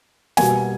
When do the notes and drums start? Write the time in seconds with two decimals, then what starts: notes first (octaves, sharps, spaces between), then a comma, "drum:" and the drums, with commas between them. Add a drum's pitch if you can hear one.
0.37 B2 G3 A#3 G#5, drum: snare